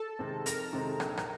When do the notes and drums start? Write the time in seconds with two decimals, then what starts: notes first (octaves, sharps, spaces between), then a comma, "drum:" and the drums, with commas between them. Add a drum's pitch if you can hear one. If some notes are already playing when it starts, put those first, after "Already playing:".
Already playing: A4 A5
0.19 C3 D#3 G#3 C4
0.46 F2 A#4 A#5, drum: hi-hat
0.73 C3 D#3 G#3 C4
1.00 A#1, drum: rim click
1.17 drum: rim click